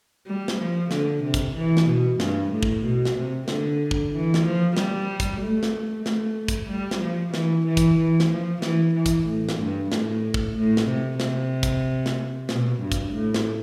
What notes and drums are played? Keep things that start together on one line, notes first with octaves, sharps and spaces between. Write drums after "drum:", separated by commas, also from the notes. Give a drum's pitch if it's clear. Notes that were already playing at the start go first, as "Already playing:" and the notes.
G3
drum: snare
F3
D3, drum: snare
C3
drum: kick, hi-hat
E3
drum: snare
B2
G2, drum: snare
A2
drum: kick
B2
drum: snare
C3
D3, drum: snare
drum: kick
E3
drum: snare
F3
G3, drum: snare
drum: kick, hi-hat
A3
drum: snare
A3, drum: snare
drum: kick, hi-hat
G3
drum: snare
F3
E3, drum: snare
E3
drum: kick, hi-hat
E3
drum: snare
F3
E3, drum: snare
E3
drum: kick, hi-hat
A2
drum: snare
G2
A2, drum: snare
drum: kick
A2
drum: snare
C3
C3, drum: snare
drum: kick, hi-hat
drum: snare
B2, drum: snare
G2
drum: kick, hi-hat
A2
drum: snare